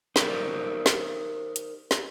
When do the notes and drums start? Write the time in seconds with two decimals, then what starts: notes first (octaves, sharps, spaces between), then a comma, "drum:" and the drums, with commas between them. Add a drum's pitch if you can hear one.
0.16 D#4 G4 A#4 C5 D5, drum: snare
0.86 drum: snare
1.56 drum: hi-hat
1.91 drum: snare